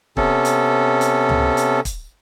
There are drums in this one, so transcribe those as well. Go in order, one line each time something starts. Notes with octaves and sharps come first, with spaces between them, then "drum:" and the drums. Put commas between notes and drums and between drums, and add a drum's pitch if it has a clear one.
C3 B3 C#4 A4, drum: kick
drum: hi-hat
drum: hi-hat
drum: tom C#2
drum: hi-hat
drum: kick, hi-hat